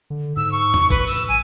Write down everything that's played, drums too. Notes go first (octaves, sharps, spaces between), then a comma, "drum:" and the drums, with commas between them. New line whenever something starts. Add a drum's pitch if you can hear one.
D3
G#2 E6
C#6
drum: tom E2
A#1 B4, drum: kick, tambourine
E6, drum: tambourine
G#5